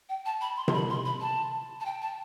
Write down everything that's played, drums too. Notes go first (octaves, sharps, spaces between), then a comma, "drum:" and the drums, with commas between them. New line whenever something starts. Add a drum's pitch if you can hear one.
G5
A5
B5
C6
C6, drum: tom C3
B5
C6
B5
A5
A5
G5
A5